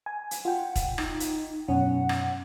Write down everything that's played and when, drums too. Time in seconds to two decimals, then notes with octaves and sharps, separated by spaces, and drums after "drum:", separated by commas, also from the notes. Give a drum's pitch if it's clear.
0.06 G#5
0.31 drum: hi-hat
0.45 F4 F#5 G5
0.76 drum: kick, hi-hat
0.98 D#4, drum: rim click
1.20 drum: hi-hat
1.68 F#2 B2 C#4 F#5
2.09 drum: rim click